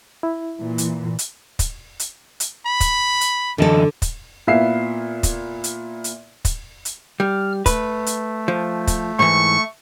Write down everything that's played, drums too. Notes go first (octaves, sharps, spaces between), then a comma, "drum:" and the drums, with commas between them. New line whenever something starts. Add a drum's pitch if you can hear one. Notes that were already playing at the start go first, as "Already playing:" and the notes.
E4
A#2 E3
drum: hi-hat
drum: hi-hat
drum: kick, hi-hat
drum: hi-hat
drum: hi-hat
B5
drum: kick, hi-hat
drum: hi-hat
F#2 D3 E3 A4 D#5
drum: kick, hi-hat
A#2 B3 E4 E5 F5 C7
drum: kick, hi-hat
drum: hi-hat
drum: hi-hat
drum: kick, hi-hat
drum: hi-hat
G3 F6
A3 B4, drum: kick, hi-hat
drum: hi-hat
F3
drum: kick, hi-hat
G#2 E3 C#6